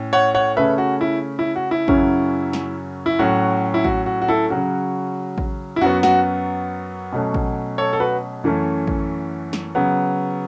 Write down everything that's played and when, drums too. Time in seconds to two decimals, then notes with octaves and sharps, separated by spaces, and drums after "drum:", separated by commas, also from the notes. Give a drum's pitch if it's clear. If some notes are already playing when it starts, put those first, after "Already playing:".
Already playing: A2 C#4
0.13 C#5 F#5
0.35 C#5 F#5
0.56 C#3 A3 C#4 B4 E5
0.78 F#4
1.01 E4
1.39 E4
1.56 F#4
1.71 E4
1.88 F#2 C#3 F#3 C#4, drum: kick A1
2.53 drum: snare
3.06 E4
3.19 A2 F#3 C#4 F#4
3.74 E4
3.84 F#4, drum: kick A1
4.06 F#4
4.22 F#4
4.28 E4 A4
4.50 C#3 F#3 C#4 F#4
5.38 drum: kick A1
5.76 E4
5.81 F#2 F#3 B3 F#4
6.03 F#4, drum: snare
7.13 B2 F#3 A3 C#4
7.34 drum: kick A1
7.78 A4 C#5
7.93 A4
8.00 F#4 B4
8.44 F#2 E3 A3 C#4
8.87 drum: kick A1
9.53 drum: snare
9.75 C#3 F#3 B3